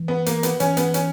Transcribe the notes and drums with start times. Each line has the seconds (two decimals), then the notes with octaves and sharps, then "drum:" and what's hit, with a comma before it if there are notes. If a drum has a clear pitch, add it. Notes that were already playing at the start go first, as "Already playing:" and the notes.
Already playing: E3
0.08 B3
0.26 A#3, drum: hi-hat
0.43 B3, drum: hi-hat
0.60 E3 C#4, drum: hi-hat
0.77 B3, drum: hi-hat
0.94 C#4, drum: hi-hat